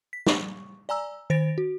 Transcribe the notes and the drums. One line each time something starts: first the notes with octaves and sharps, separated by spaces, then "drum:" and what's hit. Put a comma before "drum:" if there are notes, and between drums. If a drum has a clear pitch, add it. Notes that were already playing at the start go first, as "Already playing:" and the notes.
B6
C#6, drum: snare
D5 G#5 A#5 E6
D#3 C5 A6 A#6 D7
F#4